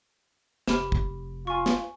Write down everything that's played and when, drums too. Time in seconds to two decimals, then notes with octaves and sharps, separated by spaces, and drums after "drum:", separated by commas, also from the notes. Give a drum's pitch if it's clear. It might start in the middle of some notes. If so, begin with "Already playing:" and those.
0.68 F1 G4 B5 F6, drum: snare
0.92 drum: kick
1.47 F4 G#5 C#6
1.66 drum: snare